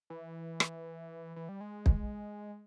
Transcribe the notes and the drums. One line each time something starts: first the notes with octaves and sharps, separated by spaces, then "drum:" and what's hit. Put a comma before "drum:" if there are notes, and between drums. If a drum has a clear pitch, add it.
E3
drum: rim click
E3
G3
G#3
drum: kick